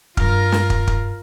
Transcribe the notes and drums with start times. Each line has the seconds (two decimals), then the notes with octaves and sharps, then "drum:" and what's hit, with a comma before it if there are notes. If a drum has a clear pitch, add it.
0.17 G2 F4 A#4 F6, drum: kick
0.52 drum: snare
0.70 drum: kick
0.87 drum: kick